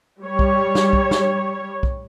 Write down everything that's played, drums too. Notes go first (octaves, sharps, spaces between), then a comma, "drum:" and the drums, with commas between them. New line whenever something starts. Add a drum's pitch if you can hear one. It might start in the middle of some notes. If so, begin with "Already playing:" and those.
G3 C#5
drum: kick
drum: snare
drum: kick
drum: snare
drum: kick